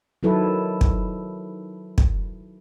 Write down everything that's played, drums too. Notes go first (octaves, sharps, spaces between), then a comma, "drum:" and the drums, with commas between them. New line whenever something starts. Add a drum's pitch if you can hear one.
D#3 F#3 E4 A4 B4
drum: kick
drum: kick